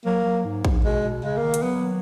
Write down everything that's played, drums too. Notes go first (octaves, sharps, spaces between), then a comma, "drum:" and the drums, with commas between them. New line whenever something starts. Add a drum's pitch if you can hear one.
F#3 A#3
F#3
G#2
G#2, drum: kick A#1
B2 G#3
B2
C#3 G#3
A#3
D#3
drum: hi-hat
F#3 B3